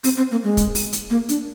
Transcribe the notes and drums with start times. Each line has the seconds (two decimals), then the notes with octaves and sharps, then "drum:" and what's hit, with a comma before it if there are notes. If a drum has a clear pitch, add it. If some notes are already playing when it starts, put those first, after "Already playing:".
0.04 C4, drum: open hi-hat
0.17 C4
0.31 A#3
0.44 G#3
0.57 drum: kick, hi-hat
0.75 drum: open hi-hat
0.93 drum: hi-hat
1.10 A#3
1.29 D4, drum: hi-hat